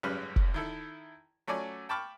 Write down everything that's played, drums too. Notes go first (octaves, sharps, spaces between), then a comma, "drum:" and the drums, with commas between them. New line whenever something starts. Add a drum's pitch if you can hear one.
G#1 F#2 C#3 G3 B4 F6
drum: kick
D#3 E4 A4
F#3 A3 C#4 D5 G#5
G5 A5 B5 C#6 D6 F6